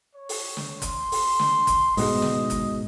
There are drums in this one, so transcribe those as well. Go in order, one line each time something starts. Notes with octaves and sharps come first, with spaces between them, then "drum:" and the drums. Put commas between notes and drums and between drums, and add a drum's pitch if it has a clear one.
C#5
drum: open hi-hat
drum: snare
C6, drum: kick, hi-hat
drum: open hi-hat
drum: snare
drum: kick, hi-hat
G#2 B2 G#3 D#5, drum: open hi-hat
drum: snare
drum: kick, hi-hat